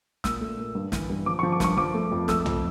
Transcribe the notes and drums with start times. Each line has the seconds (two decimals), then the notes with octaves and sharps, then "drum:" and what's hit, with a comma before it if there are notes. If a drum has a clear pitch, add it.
0.24 A#2 E6, drum: snare
0.41 A3
0.58 A#2
0.75 G2
0.92 E3, drum: snare
1.10 G2
1.26 F3 D6
1.39 C#6
1.43 F3
1.52 D6
1.60 G2 C#6, drum: snare
1.77 F3 D6
1.94 A3
2.12 F2
2.28 A3 E6, drum: snare
2.46 F2, drum: tom B1